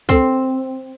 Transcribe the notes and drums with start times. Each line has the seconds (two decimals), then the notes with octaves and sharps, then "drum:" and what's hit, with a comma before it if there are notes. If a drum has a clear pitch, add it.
0.09 C4, drum: kick